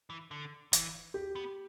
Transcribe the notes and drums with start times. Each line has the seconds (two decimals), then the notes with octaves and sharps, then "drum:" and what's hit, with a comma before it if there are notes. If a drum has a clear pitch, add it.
0.10 E3
0.31 D3
0.73 E3, drum: hi-hat
1.14 G4
1.36 B3